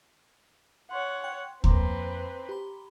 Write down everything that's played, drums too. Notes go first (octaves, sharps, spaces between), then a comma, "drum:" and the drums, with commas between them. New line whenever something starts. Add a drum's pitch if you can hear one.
C#5 F#5 C6
G5
F2 A#3 C4 B4 A#5 C6 D6, drum: kick D2
G4 B5